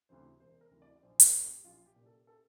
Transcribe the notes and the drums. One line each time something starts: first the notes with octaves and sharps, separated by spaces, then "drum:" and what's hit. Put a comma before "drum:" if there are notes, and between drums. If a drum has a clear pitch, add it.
D2 C3 E3 C5
E1 C5
A#4
D2 C3 E3
D5
D5
A#1 C5
C5, drum: hi-hat
A#4
A#2
G4
A#1 F4
G4
A#2
A4
A4